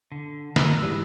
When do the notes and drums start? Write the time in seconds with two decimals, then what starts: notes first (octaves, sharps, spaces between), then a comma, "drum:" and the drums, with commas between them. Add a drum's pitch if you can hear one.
0.12 D3
0.56 A#4 B4 E6, drum: snare
0.83 G#2 E3 G3 G#4 B4